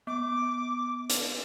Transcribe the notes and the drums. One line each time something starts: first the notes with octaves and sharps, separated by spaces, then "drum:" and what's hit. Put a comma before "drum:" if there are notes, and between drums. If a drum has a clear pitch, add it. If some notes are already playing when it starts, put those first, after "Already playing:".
B3 D6
drum: hi-hat